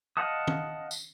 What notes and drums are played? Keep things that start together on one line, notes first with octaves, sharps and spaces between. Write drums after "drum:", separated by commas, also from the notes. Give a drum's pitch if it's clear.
D#5 F5 F#5 A5 D#6
drum: tom D#3
drum: tambourine